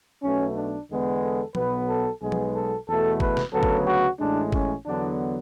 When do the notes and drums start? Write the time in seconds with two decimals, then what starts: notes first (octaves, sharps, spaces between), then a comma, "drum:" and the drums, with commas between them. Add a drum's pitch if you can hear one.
0.22 B1 B2 A3 C#4
0.56 D4
0.89 E2 D3 G#3 B3
1.22 A4
1.55 B1 B2 F#3 B3 B4, drum: tom
1.88 A4
2.21 B1 B2 G#3 B3 G#4
2.32 drum: tom
2.55 A4
2.87 E2 B2 A3 A4
3.20 B4, drum: kick G1
3.37 drum: snare
3.53 D2 C#3 F#3 B3 A4
3.63 drum: kick G1
3.87 F#4
4.19 A1 A2 G#3 D4
4.52 C#4, drum: kick G1
4.85 E2 D3 F#3 B3 D4